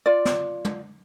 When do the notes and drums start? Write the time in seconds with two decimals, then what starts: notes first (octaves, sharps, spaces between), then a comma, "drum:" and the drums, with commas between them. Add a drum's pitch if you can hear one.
0.06 F4 D5
0.25 drum: snare
0.65 drum: tom